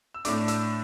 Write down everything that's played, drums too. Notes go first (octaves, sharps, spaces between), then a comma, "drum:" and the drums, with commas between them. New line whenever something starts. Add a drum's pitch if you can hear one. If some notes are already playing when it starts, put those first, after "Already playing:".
E6
A2 A3 D4 D6, drum: hi-hat
E6, drum: hi-hat